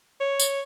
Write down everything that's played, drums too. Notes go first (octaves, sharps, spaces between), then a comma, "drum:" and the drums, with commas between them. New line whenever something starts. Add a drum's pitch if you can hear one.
C#5
drum: tambourine